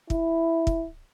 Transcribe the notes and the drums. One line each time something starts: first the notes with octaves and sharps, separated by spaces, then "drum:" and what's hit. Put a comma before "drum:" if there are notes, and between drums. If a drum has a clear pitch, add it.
E4, drum: kick
drum: kick